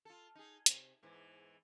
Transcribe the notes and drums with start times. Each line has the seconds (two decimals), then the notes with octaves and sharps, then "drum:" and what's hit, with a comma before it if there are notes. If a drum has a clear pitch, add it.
0.05 F4 A4
0.35 D#4 G#4
0.66 C3, drum: hi-hat
1.03 E2 G#2 E3